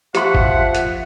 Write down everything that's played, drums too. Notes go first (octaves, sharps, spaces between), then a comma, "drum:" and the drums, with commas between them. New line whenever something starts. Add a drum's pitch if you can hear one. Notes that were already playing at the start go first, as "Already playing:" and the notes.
F3 G4 E5 F#5 C6, drum: hi-hat
drum: kick
drum: hi-hat